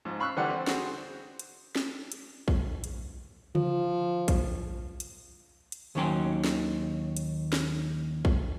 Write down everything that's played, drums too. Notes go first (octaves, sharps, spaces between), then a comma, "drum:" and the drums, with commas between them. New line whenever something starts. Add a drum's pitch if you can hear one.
G#2 F3
F5 B5 C#6 E6 F#6
D3 E3 G3 C5 D5 F#5
C4
F#4 G#4 C5, drum: snare
drum: hi-hat
drum: snare
drum: hi-hat
drum: kick A#1
drum: hi-hat
F3, drum: tom C#3
drum: kick A#1, hi-hat
drum: hi-hat
drum: hi-hat
D#2 D#3 F#3 C#4 G5 C6
drum: snare
drum: hi-hat
drum: snare
drum: kick A#1